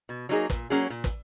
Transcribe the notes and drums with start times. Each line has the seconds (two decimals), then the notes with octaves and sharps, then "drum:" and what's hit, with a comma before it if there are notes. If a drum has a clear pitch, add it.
0.09 B2
0.29 F#3 A#3 D#4 G#4
0.50 A#2, drum: kick, hi-hat
0.70 F#3 A#3 C#4 G#4
0.90 A#2
1.04 drum: kick, hi-hat